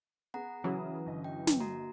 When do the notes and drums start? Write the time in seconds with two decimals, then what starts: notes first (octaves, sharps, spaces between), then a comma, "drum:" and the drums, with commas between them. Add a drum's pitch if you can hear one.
0.34 B3 G#4 F#5 A#5
0.64 C#3 E3 F#3 C#4 D#6
1.06 G1 D#5
1.24 G5
1.47 drum: snare
1.60 A#3 F#4 A#5